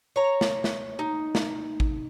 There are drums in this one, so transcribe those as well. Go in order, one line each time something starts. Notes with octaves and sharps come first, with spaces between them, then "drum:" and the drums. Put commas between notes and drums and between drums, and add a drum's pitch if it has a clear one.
C#5 A#5
drum: snare
drum: snare
D#4
drum: snare
drum: kick A1